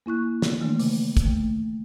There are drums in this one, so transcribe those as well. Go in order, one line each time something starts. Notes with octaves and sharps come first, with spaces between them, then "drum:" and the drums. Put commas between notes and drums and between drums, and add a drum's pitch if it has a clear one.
A#3 E4 C#6 F#6
drum: snare
D#3 E3 A3 A#3 D4
C#3, drum: open hi-hat
drum: kick, hi-hat
A3